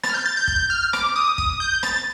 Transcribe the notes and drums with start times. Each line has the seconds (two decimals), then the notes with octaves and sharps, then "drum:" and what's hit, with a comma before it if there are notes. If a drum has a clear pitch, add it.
0.03 A6, drum: rim click
0.10 F6
0.14 G6
0.26 A6
0.37 G6
0.47 G6, drum: kick
0.70 F6
0.93 D6, drum: rim click
1.16 D#6
1.38 D#6, drum: kick
1.60 G6
1.83 A6, drum: rim click